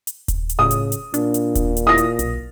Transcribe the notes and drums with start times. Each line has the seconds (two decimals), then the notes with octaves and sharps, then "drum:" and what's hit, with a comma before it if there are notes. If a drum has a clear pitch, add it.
0.07 drum: hi-hat
0.28 drum: kick D#1, hi-hat
0.49 drum: hi-hat
0.59 A2 C#3 D#6
0.71 drum: hi-hat
0.92 drum: hi-hat
1.14 A#2 D4, drum: hi-hat
1.34 drum: hi-hat
1.55 drum: kick D#1, hi-hat
1.77 drum: hi-hat
1.87 E4 D#6 A#6
1.98 drum: hi-hat
2.19 B1, drum: hi-hat